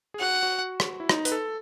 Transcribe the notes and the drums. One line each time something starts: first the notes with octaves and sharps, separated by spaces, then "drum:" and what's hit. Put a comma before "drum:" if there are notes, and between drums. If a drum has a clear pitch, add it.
G#4
F#4 F#5
F#4
drum: rim click
E4
D#4, drum: rim click
B4, drum: hi-hat
A4